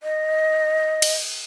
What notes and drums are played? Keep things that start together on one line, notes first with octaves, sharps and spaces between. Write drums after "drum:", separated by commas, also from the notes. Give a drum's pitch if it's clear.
D#5
drum: cymbal